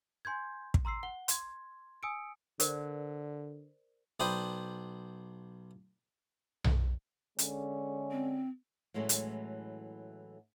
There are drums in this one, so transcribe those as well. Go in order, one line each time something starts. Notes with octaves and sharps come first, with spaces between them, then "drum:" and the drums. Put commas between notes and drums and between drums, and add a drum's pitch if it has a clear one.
G#5 C6 G6 G#6
drum: kick
A#5 C6 E6 C7
F#5 G7
C6 G#6, drum: hi-hat
G#5 D#6 E6 C#7 D7
D3 A#4 C5 D5, drum: hi-hat
B1 D4 C5 G5 B5 D#6
drum: tom B1
D3 G#3 C#4, drum: hi-hat
C4
A2 E3 F#3 G#3 A3 C#4
drum: hi-hat